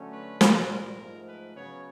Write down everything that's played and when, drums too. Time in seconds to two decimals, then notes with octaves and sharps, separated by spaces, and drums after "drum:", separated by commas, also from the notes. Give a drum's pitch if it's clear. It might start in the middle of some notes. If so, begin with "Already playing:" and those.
Already playing: D3 F#3 A3 C#4
0.12 B4
0.41 A#2 G3 C4, drum: snare
0.69 A#4
0.99 G#2 F3 A3
1.27 B4
1.56 C#3 F#3 B3 C#5